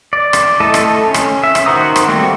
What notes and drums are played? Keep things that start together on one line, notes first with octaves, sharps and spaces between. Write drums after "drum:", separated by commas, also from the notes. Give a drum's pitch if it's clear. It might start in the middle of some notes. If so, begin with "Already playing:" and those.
D5
drum: rim click
A3 E4 A4 D#5 E5
drum: rim click
C#4
drum: rim click
E5
drum: rim click
D#3 F#4 C5 A#5 D#6
drum: rim click
G3 A3 A#3 C4 F#4